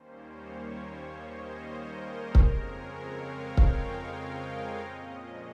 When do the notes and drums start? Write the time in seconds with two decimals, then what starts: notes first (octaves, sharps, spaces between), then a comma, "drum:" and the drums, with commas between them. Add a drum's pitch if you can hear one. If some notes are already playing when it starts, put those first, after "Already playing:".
Already playing: D#2 D#3 G3 A#3 C#4 C5
0.18 C#5
1.12 D#5
1.42 C5
1.73 A#4
2.03 G#4
2.35 F2 C#3 G#3 C4 A#4, drum: kick C#1
2.66 C#5
2.96 F5
3.28 G5
3.57 F5, drum: kick C#1
3.88 D#5
4.81 A#2 F3 G#3 C#4